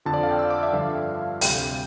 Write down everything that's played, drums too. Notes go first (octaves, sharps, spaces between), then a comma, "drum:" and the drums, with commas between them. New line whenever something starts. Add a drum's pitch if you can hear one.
F2 D3 F3 A5
D5
F5
G5
E6
D6
E5
G2 D3 F3 F5
D2 C3 G3 G5, drum: open hi-hat